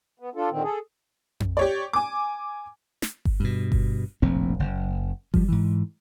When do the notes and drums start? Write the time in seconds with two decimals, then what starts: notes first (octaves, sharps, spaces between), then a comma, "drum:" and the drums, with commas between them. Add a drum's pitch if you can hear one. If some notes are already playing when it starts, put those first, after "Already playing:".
0.19 B3
0.35 D4 F4 A4
0.50 A#2 D3 D#3 C4
0.63 G#4 A4
1.40 drum: tom F2
1.57 G4 C#5 D5
1.93 G#5 D6
3.02 drum: snare
3.25 drum: kick G1
3.40 G2 B2
3.72 drum: kick G1
4.22 F1 A#1 A2 C4
4.60 F#1
5.34 F3 G3, drum: kick G1
5.48 G#2 E3